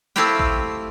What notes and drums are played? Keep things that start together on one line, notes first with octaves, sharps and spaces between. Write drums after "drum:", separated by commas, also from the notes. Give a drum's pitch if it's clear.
A3 C4 E4 F4 G4 G5
drum: kick A1